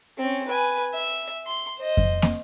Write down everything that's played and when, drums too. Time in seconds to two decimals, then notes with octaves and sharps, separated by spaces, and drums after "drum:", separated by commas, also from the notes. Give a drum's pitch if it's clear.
0.18 C4 C#4
0.48 B4 G#5
0.94 E5
1.47 C6
1.78 C5 D#5
1.97 drum: kick F2
2.22 drum: snare